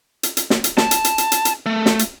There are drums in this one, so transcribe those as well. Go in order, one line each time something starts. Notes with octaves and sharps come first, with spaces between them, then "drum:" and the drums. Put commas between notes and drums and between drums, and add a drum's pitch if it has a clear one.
drum: hi-hat
drum: hi-hat
drum: snare
drum: hi-hat
A5, drum: snare
drum: hi-hat
drum: hi-hat
drum: hi-hat
drum: hi-hat
drum: hi-hat
A3
drum: snare
drum: hi-hat